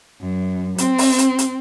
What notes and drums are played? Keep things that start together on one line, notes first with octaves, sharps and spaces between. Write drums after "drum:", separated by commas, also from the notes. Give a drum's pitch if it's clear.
F#2
C4, drum: hi-hat
drum: open hi-hat
drum: hi-hat
drum: hi-hat